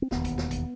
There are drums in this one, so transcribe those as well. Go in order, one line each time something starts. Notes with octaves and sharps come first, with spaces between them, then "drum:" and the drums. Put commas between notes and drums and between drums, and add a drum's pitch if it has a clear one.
C4
E1 D#2 B3, drum: snare
drum: kick, hi-hat
drum: snare
drum: kick, hi-hat